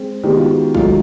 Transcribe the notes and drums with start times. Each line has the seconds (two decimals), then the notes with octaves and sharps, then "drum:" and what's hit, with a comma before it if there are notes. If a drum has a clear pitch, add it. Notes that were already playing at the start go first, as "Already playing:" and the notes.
Already playing: G#3 C4
0.23 D#3 G#3 B3 G4
0.31 F#4
0.38 F4
0.46 F#4
0.75 G#2 D#3 F#3 A3 F4, drum: kick